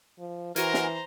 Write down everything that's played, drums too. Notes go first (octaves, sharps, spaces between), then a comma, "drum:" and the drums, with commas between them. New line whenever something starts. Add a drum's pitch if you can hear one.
F3
E3 F#4 A#4 C5 G#5 A#5, drum: hi-hat
drum: snare